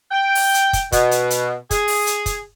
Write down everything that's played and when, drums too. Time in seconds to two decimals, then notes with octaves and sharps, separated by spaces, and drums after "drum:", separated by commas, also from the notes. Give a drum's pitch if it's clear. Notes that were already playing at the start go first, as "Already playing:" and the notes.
0.11 G5
0.35 drum: open hi-hat
0.54 drum: hi-hat
0.73 drum: kick, hi-hat
0.92 B2, drum: kick, hi-hat
1.11 drum: hi-hat
1.30 drum: hi-hat
1.71 G#4, drum: kick, hi-hat
1.88 drum: open hi-hat
2.07 drum: hi-hat
2.26 drum: kick, hi-hat